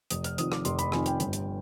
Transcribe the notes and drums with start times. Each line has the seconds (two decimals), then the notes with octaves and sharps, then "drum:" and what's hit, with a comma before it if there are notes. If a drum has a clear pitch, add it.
0.10 F1 D#6, drum: hi-hat
0.24 F6, drum: hi-hat
0.38 F2 D#3 D#6, drum: hi-hat
0.52 D6, drum: rim click
0.65 F1 C6, drum: hi-hat
0.79 B5, drum: hi-hat
0.92 F2 D#3 G#5, drum: rim click
1.06 G5, drum: hi-hat
1.20 G1, drum: hi-hat
1.33 drum: hi-hat